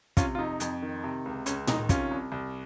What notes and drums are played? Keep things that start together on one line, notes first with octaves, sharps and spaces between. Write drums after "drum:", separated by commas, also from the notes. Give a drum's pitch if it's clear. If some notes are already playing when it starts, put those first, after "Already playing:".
C3 C#4 F4, drum: kick, hi-hat
F4
F2 D#4
F2, drum: hi-hat
D#3
C3
C#2
C#2 C#4, drum: hi-hat
D#3 D#4, drum: tom A2
C3 C#4 F4, drum: kick, hi-hat
C2
C2